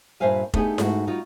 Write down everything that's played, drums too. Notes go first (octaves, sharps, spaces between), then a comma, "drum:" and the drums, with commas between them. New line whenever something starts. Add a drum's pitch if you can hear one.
G2 A#2 C5 E5 F5 G#5
A3 B3 D4 D#4 G4 G#4, drum: kick F1
G#2 A3 B3 F#4, drum: snare E4
G3 D#4 F4 F#4